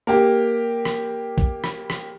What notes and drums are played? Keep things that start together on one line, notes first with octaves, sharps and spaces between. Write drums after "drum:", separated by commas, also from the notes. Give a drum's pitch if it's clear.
A#3 G4
drum: rim click
drum: kick
drum: rim click
drum: rim click